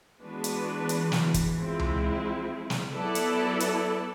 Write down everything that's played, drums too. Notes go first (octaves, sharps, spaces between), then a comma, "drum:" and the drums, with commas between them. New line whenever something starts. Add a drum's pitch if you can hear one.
E3 G#3 B3 D4 F#4 B4
drum: hi-hat
drum: hi-hat
drum: snare
drum: kick, hi-hat
F3 G#3 C4 E4
drum: tom C#2
drum: snare
F#3 B3 E4 A4 D5
drum: hi-hat
drum: hi-hat